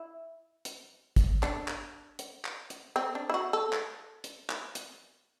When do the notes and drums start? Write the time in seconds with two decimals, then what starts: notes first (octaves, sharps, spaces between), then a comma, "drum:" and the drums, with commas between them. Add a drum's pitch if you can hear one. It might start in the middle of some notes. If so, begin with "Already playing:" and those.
Already playing: E4
0.65 drum: hi-hat
1.16 drum: kick, hi-hat
1.43 D4, drum: clap
1.68 drum: clap
2.19 drum: hi-hat
2.45 drum: clap
2.70 drum: hi-hat
2.96 C4
3.15 D4
3.30 E4
3.34 F#4
3.53 A4
3.73 drum: clap
4.24 drum: hi-hat
4.50 drum: clap
4.75 drum: hi-hat